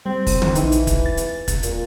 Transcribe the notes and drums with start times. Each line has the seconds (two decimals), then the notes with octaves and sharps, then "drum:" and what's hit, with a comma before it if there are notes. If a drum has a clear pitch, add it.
0.06 G3 C4
0.27 drum: kick, open hi-hat
0.42 drum: tom D3
0.55 A#1 E3 D#4, drum: hi-hat
0.72 drum: hi-hat
0.87 drum: kick, hi-hat
1.06 A6
1.17 drum: hi-hat
1.48 drum: kick, hi-hat
1.63 A#2, drum: hi-hat